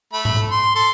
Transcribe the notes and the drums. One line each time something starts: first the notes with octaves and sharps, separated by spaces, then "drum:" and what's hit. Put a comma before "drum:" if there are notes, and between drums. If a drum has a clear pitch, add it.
A3 B5
drum: tom G#2
C6
A4 C6